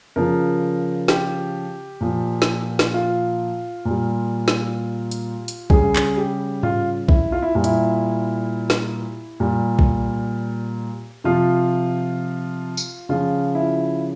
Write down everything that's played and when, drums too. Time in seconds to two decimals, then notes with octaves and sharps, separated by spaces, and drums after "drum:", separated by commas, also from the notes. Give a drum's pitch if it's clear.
0.16 C#3 F3 A#4
1.08 G4, drum: snare
2.01 A#2 F3
2.42 drum: snare
2.79 drum: snare
2.94 F4
3.85 A#2
3.90 G3
4.48 drum: snare
5.11 drum: hi-hat
5.48 drum: hi-hat
5.70 C#3 G3 G#4, drum: kick B1
5.96 drum: clap
6.17 G4
6.63 F4, drum: tom G#2
7.08 E4, drum: kick B1
7.32 F4
7.42 E4
7.55 A#2 G3
7.64 E4, drum: hi-hat
8.70 drum: snare
9.40 A#2 G3
9.79 drum: kick B1
11.24 C3 F3 F4
12.77 drum: tambourine
13.09 C#3 F3 F4
13.55 E4